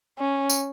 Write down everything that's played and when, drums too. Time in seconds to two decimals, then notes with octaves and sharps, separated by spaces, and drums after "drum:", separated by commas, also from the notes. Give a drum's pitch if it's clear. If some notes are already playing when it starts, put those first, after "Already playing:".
0.19 C#4
0.49 drum: tambourine